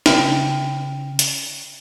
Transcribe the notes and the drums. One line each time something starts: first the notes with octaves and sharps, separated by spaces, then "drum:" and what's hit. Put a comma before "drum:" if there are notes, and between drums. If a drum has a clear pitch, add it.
C#3 C#4 G5, drum: snare
drum: hi-hat